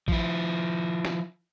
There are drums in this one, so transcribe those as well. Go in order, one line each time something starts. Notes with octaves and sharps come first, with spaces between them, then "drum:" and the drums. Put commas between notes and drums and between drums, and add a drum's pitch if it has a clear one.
F3 E4, drum: kick
drum: snare